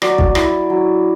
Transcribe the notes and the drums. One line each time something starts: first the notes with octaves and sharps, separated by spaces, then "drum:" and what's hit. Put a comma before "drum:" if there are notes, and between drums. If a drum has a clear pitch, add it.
F#3 D5, drum: rim click
drum: kick
E4, drum: rim click
F#3